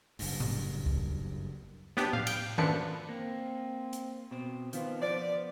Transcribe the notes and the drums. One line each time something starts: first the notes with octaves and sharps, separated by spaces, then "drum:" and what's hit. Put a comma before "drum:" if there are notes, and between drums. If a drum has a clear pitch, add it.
F#1 G2, drum: open hi-hat
drum: tom A2
drum: kick
B3 D4 G4, drum: snare
F5, drum: tom A2
G5, drum: cymbal
F#2 D3 F3 D4 B4 C#7, drum: tom D#3
A#3 C4
drum: hi-hat
B2 C4
D#3 F3 B3 C4, drum: hi-hat
F3 B3 C5 D5